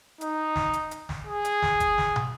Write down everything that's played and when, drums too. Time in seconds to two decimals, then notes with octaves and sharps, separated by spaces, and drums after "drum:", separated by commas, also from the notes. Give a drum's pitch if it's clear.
0.21 D#4, drum: hi-hat
0.56 drum: snare
0.73 drum: hi-hat
0.91 drum: hi-hat
1.09 drum: snare
1.27 G#4
1.45 drum: hi-hat
1.62 drum: snare
1.80 drum: kick G1, hi-hat
1.98 drum: snare
2.16 drum: tom